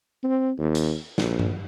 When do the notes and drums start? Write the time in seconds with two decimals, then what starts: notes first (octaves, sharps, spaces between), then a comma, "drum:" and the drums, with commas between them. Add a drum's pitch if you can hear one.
0.24 C4
0.58 D#2
0.75 drum: hi-hat
1.18 A#1, drum: snare
1.39 drum: tom G2